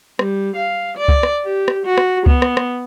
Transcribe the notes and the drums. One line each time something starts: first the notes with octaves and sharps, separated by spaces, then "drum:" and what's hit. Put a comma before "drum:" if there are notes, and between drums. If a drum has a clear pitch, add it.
G3, drum: rim click
F5
D5
drum: kick C#2
drum: rim click
G4
drum: rim click
F#4
drum: rim click
B3, drum: kick C#2
drum: rim click
drum: rim click